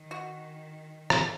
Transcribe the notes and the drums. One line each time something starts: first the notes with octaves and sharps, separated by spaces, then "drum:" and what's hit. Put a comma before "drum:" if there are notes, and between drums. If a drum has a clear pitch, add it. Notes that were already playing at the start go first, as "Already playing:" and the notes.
Already playing: D#3
F#4
drum: rim click